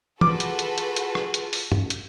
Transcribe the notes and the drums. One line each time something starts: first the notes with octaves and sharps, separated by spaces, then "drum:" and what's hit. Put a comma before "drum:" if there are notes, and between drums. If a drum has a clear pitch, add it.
F4 F#4 G#4 A4 B4 D6, drum: tom
drum: hi-hat
drum: hi-hat
drum: hi-hat
drum: hi-hat
drum: rim click
drum: hi-hat
drum: open hi-hat
drum: tom
drum: hi-hat